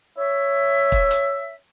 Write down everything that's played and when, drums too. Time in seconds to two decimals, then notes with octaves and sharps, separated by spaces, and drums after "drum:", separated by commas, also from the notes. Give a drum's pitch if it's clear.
0.18 C#5 E5
0.92 drum: kick
1.11 drum: hi-hat